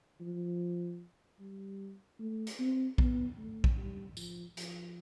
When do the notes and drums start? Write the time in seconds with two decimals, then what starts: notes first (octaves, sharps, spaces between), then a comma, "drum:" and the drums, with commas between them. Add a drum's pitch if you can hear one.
0.21 F3
1.40 G3
2.19 A3
2.47 drum: hi-hat
2.59 C4
2.98 B3, drum: kick A#1
3.37 A3
3.64 drum: kick A#1
3.78 G3
4.17 F3, drum: tambourine
4.57 F3, drum: hi-hat